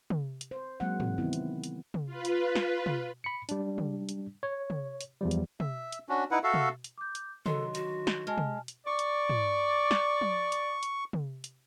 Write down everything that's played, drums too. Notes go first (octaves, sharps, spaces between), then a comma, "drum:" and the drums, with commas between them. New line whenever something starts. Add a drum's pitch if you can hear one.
drum: tom
drum: hi-hat
C5
F#3 G#3 A#3 C4 F#5
C3 E3 C4, drum: tom
D#3 B3 C4 E4
drum: hi-hat
drum: hi-hat
drum: tom
F4 B4
drum: hi-hat
drum: snare
drum: tom
B5 C#7
G3 D4, drum: hi-hat
drum: tom
drum: hi-hat
C#5
drum: tom
drum: hi-hat
E2 F3 G3
drum: hi-hat
E5, drum: tom
drum: hi-hat
C#4 D4 F#4
D#4 E4 B4 F#5
F#4 A4 E5 F5
drum: tom
drum: hi-hat
D6 G6
drum: hi-hat
D3 D#3 F#3 A4 C6, drum: tom
F#4, drum: hi-hat
drum: snare
G#3 G#5 A5 F6
drum: tom
drum: hi-hat
D5 C#6
drum: hi-hat
drum: tom
drum: snare
drum: tom
drum: hi-hat
drum: hi-hat
drum: tom
drum: hi-hat